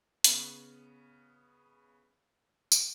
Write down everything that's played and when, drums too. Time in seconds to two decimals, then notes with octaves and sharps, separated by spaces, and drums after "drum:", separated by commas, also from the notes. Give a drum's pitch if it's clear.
0.24 C#3 B3, drum: hi-hat
2.72 drum: tambourine